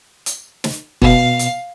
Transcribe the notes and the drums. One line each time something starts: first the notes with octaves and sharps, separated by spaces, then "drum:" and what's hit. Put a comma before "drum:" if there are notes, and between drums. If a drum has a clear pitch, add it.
drum: hi-hat
drum: snare
B2 F5, drum: kick
drum: hi-hat